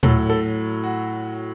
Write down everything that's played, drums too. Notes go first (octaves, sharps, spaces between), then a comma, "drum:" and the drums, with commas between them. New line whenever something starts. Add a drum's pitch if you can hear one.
A2 F#3 A3 A4, drum: tom
A4
F#4